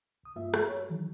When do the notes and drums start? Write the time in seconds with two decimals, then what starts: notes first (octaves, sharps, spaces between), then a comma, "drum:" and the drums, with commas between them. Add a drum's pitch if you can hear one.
0.23 C2 D#6
0.36 G2 A#3 F4 E5
0.54 drum: rim click
0.68 F#4 C#5
0.89 D#3 E3 F#3